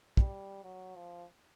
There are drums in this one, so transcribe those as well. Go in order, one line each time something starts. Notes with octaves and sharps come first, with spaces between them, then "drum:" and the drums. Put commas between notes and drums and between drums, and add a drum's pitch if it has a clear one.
G3, drum: kick
F#3
F3